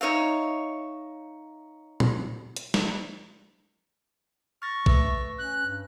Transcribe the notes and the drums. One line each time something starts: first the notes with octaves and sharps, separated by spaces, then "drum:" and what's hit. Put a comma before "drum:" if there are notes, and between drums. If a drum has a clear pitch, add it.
D#4 C#5 E5 F5
drum: tom A#2
drum: hi-hat
drum: snare
C#6 F6 A6 A#6
A3 B4 E6 A#6, drum: kick
C#4 F#6
G2